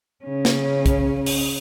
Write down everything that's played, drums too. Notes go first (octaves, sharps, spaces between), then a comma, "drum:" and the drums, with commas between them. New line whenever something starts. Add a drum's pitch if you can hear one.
C#3 C#4
drum: snare
drum: kick, hi-hat
drum: open hi-hat